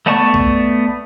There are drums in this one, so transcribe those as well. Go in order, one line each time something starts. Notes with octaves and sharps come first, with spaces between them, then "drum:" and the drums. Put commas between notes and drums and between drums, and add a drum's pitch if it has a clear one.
A3 B3 D5 A5 C#6
drum: kick